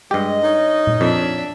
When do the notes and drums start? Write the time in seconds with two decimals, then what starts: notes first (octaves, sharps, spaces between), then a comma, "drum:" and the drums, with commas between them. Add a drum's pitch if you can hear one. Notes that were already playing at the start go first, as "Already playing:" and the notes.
0.11 G2 G#3 G4 D#5
0.43 C#4 D#4 A#4 C#5
0.87 drum: tom A#2
1.01 F2 D4 E5